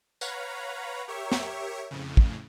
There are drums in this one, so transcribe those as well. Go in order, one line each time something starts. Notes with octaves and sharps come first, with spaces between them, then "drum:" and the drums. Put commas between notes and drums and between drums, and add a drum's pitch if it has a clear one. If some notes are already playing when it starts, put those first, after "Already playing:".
B4 C#5 F5 F#5 A#5 B5, drum: tambourine
G4 A#4 C#5 E5 C#6
drum: snare
F2 A2 C#3
drum: kick